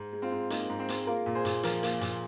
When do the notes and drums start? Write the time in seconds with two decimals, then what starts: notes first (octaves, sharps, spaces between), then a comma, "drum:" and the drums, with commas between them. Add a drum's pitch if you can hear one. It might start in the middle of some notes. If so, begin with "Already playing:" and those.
Already playing: G#2
0.13 G#3
0.22 C4 F4
0.32 G#2
0.50 G#3 A#3 D#4, drum: hi-hat
0.70 G#2
0.80 C4
0.89 G#3, drum: hi-hat
1.07 A#3 F4 A#4
1.26 A#2
1.35 G#4 C5
1.45 A#2, drum: hi-hat
1.63 F3 F4 A#4, drum: hi-hat
1.83 A#3, drum: hi-hat
2.01 A#2, drum: hi-hat